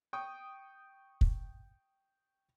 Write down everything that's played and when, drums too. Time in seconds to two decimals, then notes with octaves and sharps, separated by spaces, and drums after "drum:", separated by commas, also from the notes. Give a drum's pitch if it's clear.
0.13 G5 C#6 D#6
1.21 drum: kick